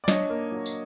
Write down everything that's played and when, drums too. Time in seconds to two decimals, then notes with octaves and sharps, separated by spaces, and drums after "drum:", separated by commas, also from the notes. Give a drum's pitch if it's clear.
0.04 D5
0.08 D4 C#5 D#5, drum: snare
0.30 A#3
0.51 F#3
0.66 drum: tambourine